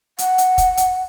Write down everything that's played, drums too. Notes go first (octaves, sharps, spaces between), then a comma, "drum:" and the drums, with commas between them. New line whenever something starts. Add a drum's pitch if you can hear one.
F#5, drum: hi-hat
drum: hi-hat
drum: kick, hi-hat
drum: hi-hat